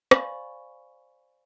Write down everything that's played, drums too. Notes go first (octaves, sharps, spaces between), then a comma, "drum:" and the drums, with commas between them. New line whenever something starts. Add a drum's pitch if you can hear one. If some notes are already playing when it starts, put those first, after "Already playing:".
C5 D5 F5 G#5 B5 C#6, drum: rim click